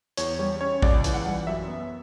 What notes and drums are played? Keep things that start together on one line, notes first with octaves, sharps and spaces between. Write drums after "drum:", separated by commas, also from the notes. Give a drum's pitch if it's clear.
E2 C#5, drum: hi-hat
G3 C#5
C#4 C#5
C#2 D5, drum: kick A1
E3, drum: hi-hat
F#5
G3
F#2 E5
B3